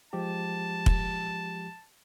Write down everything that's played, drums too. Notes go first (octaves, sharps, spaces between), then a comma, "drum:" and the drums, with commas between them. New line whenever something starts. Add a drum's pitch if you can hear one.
F3 G#3 G4 A5
drum: kick